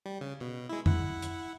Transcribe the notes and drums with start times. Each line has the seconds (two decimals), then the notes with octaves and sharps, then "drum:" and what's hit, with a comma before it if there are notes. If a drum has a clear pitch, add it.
0.06 G3
0.21 C#3
0.41 B2
0.69 G#3 E4
0.86 E4 F#5, drum: tom F2
1.22 drum: hi-hat